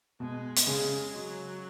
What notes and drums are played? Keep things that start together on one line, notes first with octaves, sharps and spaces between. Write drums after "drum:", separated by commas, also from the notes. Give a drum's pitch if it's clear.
B2 G#3
drum: hi-hat
C#3 G#3
F#3